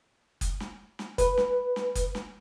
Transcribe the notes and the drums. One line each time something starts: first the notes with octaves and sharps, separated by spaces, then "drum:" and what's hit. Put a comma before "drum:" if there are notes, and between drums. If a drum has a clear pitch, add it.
drum: kick F#1, hi-hat
drum: snare
drum: snare
B4, drum: kick F#1, hi-hat
drum: snare
drum: snare
drum: kick F#1, hi-hat
drum: snare